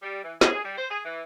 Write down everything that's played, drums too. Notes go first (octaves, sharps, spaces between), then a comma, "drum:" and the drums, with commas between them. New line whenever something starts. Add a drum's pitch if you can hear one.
G3
E3
G#4, drum: snare
G3
C5
G#4
E3